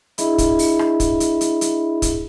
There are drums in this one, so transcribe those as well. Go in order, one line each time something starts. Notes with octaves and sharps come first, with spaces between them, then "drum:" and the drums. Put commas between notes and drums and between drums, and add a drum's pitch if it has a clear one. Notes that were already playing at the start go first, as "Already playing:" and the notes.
D4 E4 G#4 D#5 E5 B5, drum: hi-hat
drum: kick, hi-hat
drum: open hi-hat
drum: rim click
drum: kick, hi-hat
drum: hi-hat
drum: hi-hat
drum: hi-hat
drum: kick, hi-hat